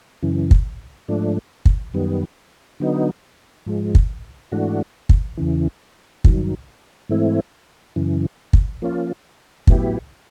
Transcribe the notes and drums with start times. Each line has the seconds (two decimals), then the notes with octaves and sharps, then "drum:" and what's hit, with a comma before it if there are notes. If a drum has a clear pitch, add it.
0.23 F#2 C#3 E3
0.51 drum: kick
1.08 G#2 F3 A3 D4
1.65 drum: kick
1.94 F#2 D#3 G3 B3
2.80 D3 F#3 B3 D#4
3.66 G#2 F3 G#3
3.95 drum: kick
4.52 G#2 E3 A3 D4 F#4
5.09 drum: kick
5.37 E2 C#3 E3
6.24 G2 D#3 F#3, drum: kick
7.09 G#2 E3 A3 C4 E4
7.96 F#2 C#3 E3
8.53 drum: kick
8.82 F3 A#3 C#4 F4
9.67 A2 F#3 B3 E4 G4, drum: kick